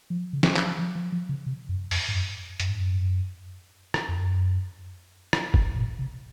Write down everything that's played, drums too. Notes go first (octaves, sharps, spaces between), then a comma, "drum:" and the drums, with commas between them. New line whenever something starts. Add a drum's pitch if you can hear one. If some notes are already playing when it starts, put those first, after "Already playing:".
F3
C#3
drum: snare
F3, drum: clap
F3
F3
F3
C#3
C3
F#2
F2, drum: open hi-hat
G#2
F#2
F#2, drum: hi-hat
G#2
F#2
drum: rim click
F2
F#2
drum: rim click
G#2, drum: kick
A#2
C3